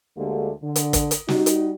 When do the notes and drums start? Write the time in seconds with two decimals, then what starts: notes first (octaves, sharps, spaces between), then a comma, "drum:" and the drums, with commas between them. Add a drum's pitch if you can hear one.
0.17 D2 D3 G#3 A#3 G4 A4
0.63 D3
0.76 drum: hi-hat
0.93 drum: kick, hi-hat
1.11 drum: hi-hat
1.28 G3 D#4 F#4, drum: snare
1.46 drum: hi-hat